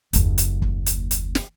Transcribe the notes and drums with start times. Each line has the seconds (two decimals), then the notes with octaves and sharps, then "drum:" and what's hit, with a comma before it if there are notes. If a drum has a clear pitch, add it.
0.13 F#1 D#2, drum: hi-hat
0.38 drum: hi-hat
0.62 drum: kick
0.86 drum: hi-hat
1.11 drum: hi-hat
1.35 drum: snare